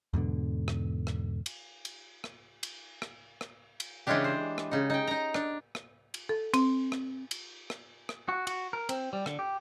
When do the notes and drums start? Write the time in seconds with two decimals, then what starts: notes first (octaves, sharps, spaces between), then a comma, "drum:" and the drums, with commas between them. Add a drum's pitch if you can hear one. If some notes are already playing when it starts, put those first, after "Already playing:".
0.13 E2 G#2 B2 D3
0.68 drum: rim click
1.07 drum: rim click
1.46 drum: cymbal
1.85 drum: cymbal
2.24 drum: rim click
2.63 drum: cymbal
3.02 drum: rim click
3.41 drum: rim click
3.80 drum: cymbal
4.07 C#3 E3 G#3 C#4 D4 G4
4.24 C5
4.58 drum: rim click
4.71 C#3 D#4
4.90 D#4 G5
5.07 D#4 A#5
5.34 D4, drum: rim click
5.75 drum: rim click
6.14 drum: cymbal
6.29 A4
6.54 C4, drum: cymbal
6.92 drum: rim click
7.31 drum: cymbal
7.70 drum: rim click
8.09 drum: rim click
8.29 F#4
8.47 F#4, drum: cymbal
8.73 A#4
8.89 C4, drum: cymbal
9.13 G3
9.26 D3, drum: rim click
9.39 G4